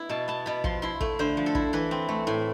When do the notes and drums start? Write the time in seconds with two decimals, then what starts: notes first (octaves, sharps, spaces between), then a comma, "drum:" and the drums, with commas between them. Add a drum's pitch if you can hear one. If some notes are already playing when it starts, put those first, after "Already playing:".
Already playing: B3 E4
0.09 B2 A5
0.28 B3 A5
0.46 B2 B5
0.64 F3 C6, drum: kick
0.82 E4 C6
1.01 A3, drum: kick
1.19 D3 C5
1.37 F3
1.46 A4
1.55 E4, drum: kick
1.73 E3 B4
1.91 C4
2.08 A3
2.27 A2